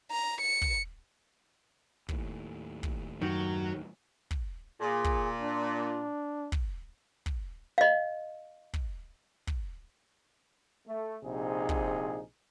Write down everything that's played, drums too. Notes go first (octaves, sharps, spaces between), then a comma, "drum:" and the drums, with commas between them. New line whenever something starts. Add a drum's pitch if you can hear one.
A#5
C#7
drum: kick
D#2 A2, drum: kick
drum: kick
F#2 D#3 F#3 F#4
drum: kick
A#2 G#4
drum: kick
D4
drum: kick
drum: kick
D#5 F5
drum: kick
drum: kick
A3
A#1 C3 D#4 G#4
drum: kick